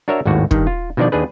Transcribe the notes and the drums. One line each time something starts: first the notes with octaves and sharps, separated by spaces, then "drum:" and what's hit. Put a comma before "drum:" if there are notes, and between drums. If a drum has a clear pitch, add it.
D4 F#4 A#4 C#5 E5
G#1 D#2 A2 F#4
G2 D#3, drum: kick
F4
B2 D#3 F3 D4 D5
D#2 D4 G#4 B4